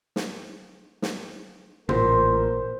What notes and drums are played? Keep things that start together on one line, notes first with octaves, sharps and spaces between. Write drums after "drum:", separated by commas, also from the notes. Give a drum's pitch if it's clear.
drum: snare
drum: snare
A1 A#2 A#4 C5, drum: tom